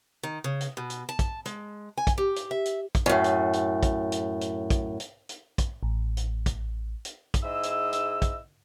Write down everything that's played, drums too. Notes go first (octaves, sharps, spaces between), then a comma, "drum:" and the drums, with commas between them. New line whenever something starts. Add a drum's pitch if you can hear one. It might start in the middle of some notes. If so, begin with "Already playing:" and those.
D#3
C#3
drum: hi-hat
B2
drum: hi-hat
A5
drum: kick, hi-hat
G#3, drum: hi-hat
G#5
drum: kick, hi-hat
G4
drum: hi-hat
E5
drum: hi-hat
drum: kick, hi-hat
F#2 A2
drum: hi-hat
drum: hi-hat
drum: kick, hi-hat
drum: hi-hat
drum: hi-hat
drum: kick, hi-hat
drum: hi-hat
drum: hi-hat
drum: kick, hi-hat
A1
drum: hi-hat
drum: kick, hi-hat
drum: hi-hat
drum: kick, hi-hat
G#2 E4 G#4 D#5 E6
drum: hi-hat
drum: hi-hat
drum: kick, hi-hat